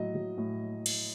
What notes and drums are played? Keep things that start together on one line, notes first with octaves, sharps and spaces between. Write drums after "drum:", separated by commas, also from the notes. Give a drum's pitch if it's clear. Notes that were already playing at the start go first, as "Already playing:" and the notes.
Already playing: A2 F#3 D#5
F#3
A2
drum: cymbal